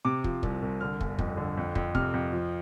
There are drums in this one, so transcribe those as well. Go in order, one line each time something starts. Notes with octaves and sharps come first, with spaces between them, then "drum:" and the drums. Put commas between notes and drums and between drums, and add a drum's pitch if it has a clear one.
C3 D6
F3, drum: kick
C2, drum: kick
C2
D3 F6
G1, drum: kick
F2, drum: kick
D3
F2
F2, drum: kick
C3 F6, drum: kick
F2
F3